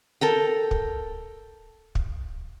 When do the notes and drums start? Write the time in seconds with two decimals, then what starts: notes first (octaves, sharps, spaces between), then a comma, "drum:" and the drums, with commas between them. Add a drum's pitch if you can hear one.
0.21 A4 A#4 G5
0.71 drum: kick
1.95 drum: kick